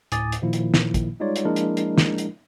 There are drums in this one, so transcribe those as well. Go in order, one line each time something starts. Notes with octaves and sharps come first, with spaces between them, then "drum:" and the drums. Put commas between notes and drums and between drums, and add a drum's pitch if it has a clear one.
D2 A2 G#5 D6 D#6 A6, drum: hi-hat
drum: hi-hat
A#2 D#3 F3 A#3 E4
drum: hi-hat
drum: snare
drum: kick, hi-hat
G3 G#3 D#4 F4 C#5 D5
drum: hi-hat
F3 G#3 A#3 D4 E4 A#4
drum: hi-hat
drum: hi-hat
drum: snare
drum: hi-hat